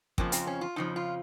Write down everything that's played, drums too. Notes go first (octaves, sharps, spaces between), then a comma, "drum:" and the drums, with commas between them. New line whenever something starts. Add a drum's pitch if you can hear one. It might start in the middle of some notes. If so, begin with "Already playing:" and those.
F2 C#3 F3 A#3, drum: kick
C4, drum: hi-hat
C#4
F4
F2 C#3 F3 D#4
F4